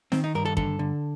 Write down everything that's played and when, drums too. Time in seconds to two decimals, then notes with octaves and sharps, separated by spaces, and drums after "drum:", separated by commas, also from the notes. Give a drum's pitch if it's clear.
0.12 D#3 C4, drum: snare
0.24 D#4
0.35 G2 A#4
0.45 A4
0.57 D3 A4, drum: kick
0.79 D3